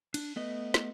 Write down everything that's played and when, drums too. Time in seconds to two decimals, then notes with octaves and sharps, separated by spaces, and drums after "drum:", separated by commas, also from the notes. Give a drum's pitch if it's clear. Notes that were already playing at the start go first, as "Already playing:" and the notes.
0.14 D4, drum: cymbal
0.36 A3 B3 D#5
0.74 drum: snare